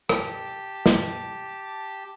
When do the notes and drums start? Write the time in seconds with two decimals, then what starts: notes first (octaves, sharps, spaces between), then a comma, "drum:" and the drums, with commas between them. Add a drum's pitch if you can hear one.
0.09 G4 A5, drum: rim click
0.86 drum: snare